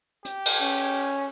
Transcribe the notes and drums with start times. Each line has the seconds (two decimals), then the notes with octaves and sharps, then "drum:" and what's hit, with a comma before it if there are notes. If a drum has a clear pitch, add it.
0.25 G4, drum: hi-hat
0.45 drum: cymbal
0.62 C#4